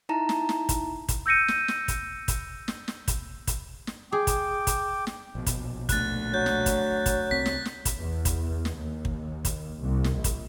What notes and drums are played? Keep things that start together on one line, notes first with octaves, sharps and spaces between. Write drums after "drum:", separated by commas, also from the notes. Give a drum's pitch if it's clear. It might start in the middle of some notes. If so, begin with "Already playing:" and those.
D#4 E4 A5 A#5
drum: snare
drum: snare
drum: kick, hi-hat
drum: kick, hi-hat
E6 G6 A#6 C#7 D#7
drum: snare
drum: snare
drum: kick, hi-hat
drum: kick, hi-hat
drum: snare
drum: snare
drum: kick, hi-hat
drum: kick, hi-hat
drum: snare
G#4 G5 D6
drum: kick, hi-hat
drum: kick, hi-hat
drum: snare
A#1 B2
drum: kick, hi-hat
D2 F#6 A6, drum: kick, hi-hat
F#3 G6
drum: snare
drum: kick, hi-hat
drum: kick, hi-hat
C2 C4 B6
drum: snare
drum: snare
drum: kick, hi-hat
E2
drum: kick, hi-hat
drum: snare
D#2
drum: kick
drum: kick, hi-hat
C2
drum: snare
A#1
drum: kick, hi-hat